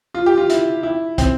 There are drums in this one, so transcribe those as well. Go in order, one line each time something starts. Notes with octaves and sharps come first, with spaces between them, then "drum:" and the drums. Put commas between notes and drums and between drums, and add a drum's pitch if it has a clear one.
F4
G4
F4
E4, drum: hi-hat
E4
C4, drum: kick, hi-hat